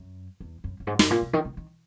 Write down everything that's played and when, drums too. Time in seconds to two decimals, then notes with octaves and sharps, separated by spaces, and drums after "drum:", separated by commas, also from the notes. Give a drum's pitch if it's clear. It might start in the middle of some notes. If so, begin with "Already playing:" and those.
Already playing: F#2
0.40 E2
0.64 F#2
0.80 F#2
0.87 G#2
0.99 F#2, drum: snare
1.10 A#2
1.22 B2
1.33 D#3
1.45 C#3
1.57 D#3